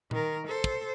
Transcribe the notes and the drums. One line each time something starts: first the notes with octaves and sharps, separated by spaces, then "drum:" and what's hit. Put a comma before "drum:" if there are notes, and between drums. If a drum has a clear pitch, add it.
D#3 A#4, drum: tom A#2
A4 C5
drum: kick